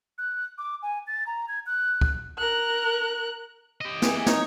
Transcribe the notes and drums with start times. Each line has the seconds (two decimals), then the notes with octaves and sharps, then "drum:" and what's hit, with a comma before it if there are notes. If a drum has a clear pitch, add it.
0.18 F#6
0.58 D6
0.83 G#5
1.07 A6
1.27 A#5
1.48 G#6
1.66 F#6
2.01 drum: kick
2.38 A#4 F#6
3.81 G4 D#5
4.02 E3 G#4, drum: snare
4.26 D#4 C#5, drum: snare